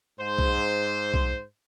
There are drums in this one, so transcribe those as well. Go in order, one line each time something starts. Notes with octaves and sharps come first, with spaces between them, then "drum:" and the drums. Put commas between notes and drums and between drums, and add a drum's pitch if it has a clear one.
G#2 C5
drum: kick B1
drum: kick B1